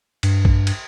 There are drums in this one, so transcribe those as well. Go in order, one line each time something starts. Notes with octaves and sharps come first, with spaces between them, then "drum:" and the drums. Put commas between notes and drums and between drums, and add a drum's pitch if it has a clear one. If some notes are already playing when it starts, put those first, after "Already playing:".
G2, drum: cymbal
drum: kick
drum: cymbal